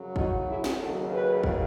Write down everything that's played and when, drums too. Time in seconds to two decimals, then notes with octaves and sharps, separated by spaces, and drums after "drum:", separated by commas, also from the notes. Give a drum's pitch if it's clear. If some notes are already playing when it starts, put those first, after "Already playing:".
Already playing: F#2 C#3 F#3
0.16 D#4 F#4, drum: kick
0.48 E4 G#4
0.64 drum: snare
0.80 D#2 C#3 F#3 F#4 A4
1.12 G#4 B4
1.44 drum: kick